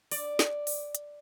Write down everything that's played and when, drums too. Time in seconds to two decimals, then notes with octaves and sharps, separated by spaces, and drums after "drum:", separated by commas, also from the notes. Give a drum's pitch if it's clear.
0.12 D5, drum: open hi-hat
0.39 drum: snare
0.67 drum: open hi-hat
0.95 drum: hi-hat